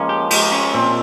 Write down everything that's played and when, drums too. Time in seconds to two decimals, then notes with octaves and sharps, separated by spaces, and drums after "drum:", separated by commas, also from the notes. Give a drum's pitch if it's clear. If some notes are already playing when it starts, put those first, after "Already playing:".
Already playing: F3 G#3 A#3 C#4
0.09 G4
0.31 G#3 G4, drum: cymbal
0.52 C#4
0.74 A#2 C4